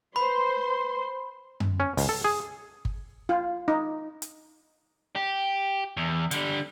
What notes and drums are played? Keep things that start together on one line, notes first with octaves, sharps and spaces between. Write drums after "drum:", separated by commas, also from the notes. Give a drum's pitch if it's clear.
B4 C5 B5 C6
drum: tom F#2
C#4
C#2, drum: open hi-hat
A4
G#4
drum: kick G1
F4
D#4
drum: hi-hat
G4
E2
D3 G3, drum: hi-hat